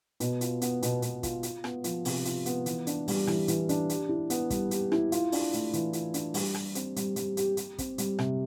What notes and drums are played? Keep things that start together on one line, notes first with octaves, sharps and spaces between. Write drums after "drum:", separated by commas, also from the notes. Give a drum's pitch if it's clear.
B2, drum: hi-hat
F4, drum: hi-hat
B3, drum: hi-hat
B2, drum: hi-hat
B2, drum: hi-hat
F4, drum: kick, hi-hat
F4, drum: hi-hat
B3, drum: rim click
F3, drum: hi-hat
C3, drum: open hi-hat
F4, drum: hi-hat
B3, drum: hi-hat
E3, drum: hi-hat
D4, drum: hi-hat
G3, drum: open hi-hat
E3, drum: rim click
E3, drum: hi-hat
D4, drum: hi-hat
G4, drum: hi-hat
E4
B3, drum: hi-hat
G3, drum: kick, hi-hat
G4, drum: hi-hat
E4, drum: rim click
F4, drum: hi-hat
D4, drum: open hi-hat
A3, drum: hi-hat
E3, drum: hi-hat
F4, drum: hi-hat
D4, drum: hi-hat
G3, drum: open hi-hat
G4, drum: rim click
C4, drum: hi-hat
G3, drum: hi-hat
G3, drum: hi-hat
G4, drum: hi-hat
G4, drum: hi-hat
C4, drum: kick, hi-hat
G3, drum: hi-hat
C3, drum: rim click